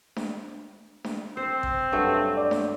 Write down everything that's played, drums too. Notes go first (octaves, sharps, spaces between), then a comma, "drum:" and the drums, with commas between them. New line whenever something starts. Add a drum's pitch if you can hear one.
drum: snare D4
drum: snare D4
C4 C5
drum: kick A1
G2 F#3 A3
D5
drum: snare D4